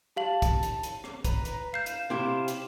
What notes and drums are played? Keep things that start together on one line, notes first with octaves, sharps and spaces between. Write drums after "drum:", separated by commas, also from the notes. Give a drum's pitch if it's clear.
G4 F5 A5 F#7
drum: kick, hi-hat
drum: hi-hat
drum: hi-hat
drum: rim click
B4 A#5, drum: kick, hi-hat
drum: hi-hat
F5 G6 C7 E7
drum: hi-hat
C3 E4 G4
drum: hi-hat